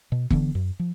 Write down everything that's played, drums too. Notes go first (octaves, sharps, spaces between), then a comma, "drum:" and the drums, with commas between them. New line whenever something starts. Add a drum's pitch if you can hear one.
B2
D3 E3 B3, drum: kick F1
F#2
F3